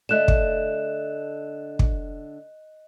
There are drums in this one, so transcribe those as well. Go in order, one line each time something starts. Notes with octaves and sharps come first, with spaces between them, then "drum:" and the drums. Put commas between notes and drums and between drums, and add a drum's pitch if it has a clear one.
D3 A3 D#5 F#6 E7
drum: kick
drum: kick